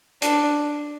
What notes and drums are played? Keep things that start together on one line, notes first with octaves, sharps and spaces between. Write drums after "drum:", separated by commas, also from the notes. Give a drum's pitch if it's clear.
D4, drum: hi-hat